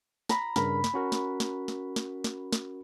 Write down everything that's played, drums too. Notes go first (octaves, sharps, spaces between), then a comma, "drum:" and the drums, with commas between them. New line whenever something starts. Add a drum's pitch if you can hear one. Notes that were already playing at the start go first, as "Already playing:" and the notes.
A#5 B5, drum: snare
G2 C#3 A#4 B5, drum: snare
drum: snare
C#4 F#4 A#4
drum: snare
drum: snare
drum: snare
drum: snare
drum: snare
drum: snare